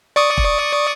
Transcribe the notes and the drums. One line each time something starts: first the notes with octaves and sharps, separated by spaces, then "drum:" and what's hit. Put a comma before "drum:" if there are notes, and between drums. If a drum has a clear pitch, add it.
D5 C#6 D#6
drum: kick E1